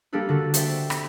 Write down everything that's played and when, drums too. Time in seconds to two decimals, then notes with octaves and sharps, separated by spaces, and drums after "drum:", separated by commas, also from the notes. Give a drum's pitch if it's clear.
0.13 G3 A#3 D4 G4 A4 B4
0.29 D3 F#4 A4
0.54 C5 D5 E5 G5, drum: hi-hat
0.90 drum: rim click